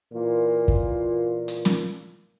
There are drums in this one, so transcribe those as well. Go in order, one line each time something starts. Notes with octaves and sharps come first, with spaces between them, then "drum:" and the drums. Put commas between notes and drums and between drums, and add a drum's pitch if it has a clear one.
A#2 E3 A#3 F4
drum: kick
drum: hi-hat
drum: snare